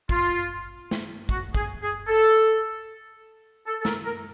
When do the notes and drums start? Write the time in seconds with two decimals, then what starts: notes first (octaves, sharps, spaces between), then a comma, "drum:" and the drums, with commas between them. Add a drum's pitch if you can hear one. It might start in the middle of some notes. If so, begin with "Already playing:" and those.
0.09 F4, drum: kick
0.91 drum: snare
1.29 F#4, drum: kick
1.55 G#4, drum: kick
1.82 G#4
2.08 A4
3.66 A4
3.81 A4
3.85 A#4, drum: snare
4.05 A#4